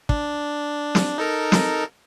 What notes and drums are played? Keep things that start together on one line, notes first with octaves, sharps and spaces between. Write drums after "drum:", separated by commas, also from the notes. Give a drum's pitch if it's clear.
D4, drum: kick
drum: snare
D#4 A4 A#4
drum: snare